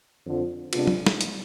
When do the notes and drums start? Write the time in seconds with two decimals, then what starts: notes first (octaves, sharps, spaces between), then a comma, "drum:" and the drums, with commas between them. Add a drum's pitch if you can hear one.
0.25 F2 D3 F3
0.73 C3 G#3 B3 D4 F4, drum: cymbal
0.87 drum: tom
1.07 drum: snare
1.21 drum: hi-hat